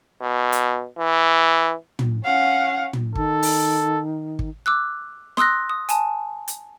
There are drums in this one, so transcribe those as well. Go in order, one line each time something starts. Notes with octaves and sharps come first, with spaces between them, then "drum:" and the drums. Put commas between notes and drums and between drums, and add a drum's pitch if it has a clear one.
B2
drum: hi-hat
E3
drum: tom
C#4 F5 F#5
drum: tom
D#3 A4, drum: kick
drum: open hi-hat
drum: kick
D6 E6 F#6
C6 D#6 E6 F#6 A#6, drum: snare
D#6
G#5 A5, drum: hi-hat
drum: hi-hat